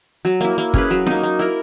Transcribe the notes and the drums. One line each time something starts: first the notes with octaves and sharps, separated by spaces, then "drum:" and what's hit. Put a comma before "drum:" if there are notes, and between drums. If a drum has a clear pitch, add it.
F#3, drum: hi-hat
A#3 E4, drum: hi-hat
A#3, drum: hi-hat
C#4 G#4 B4, drum: kick, hi-hat
F#3, drum: hi-hat
A#3 D#4, drum: snare
A#3, drum: hi-hat
E4 A#4, drum: hi-hat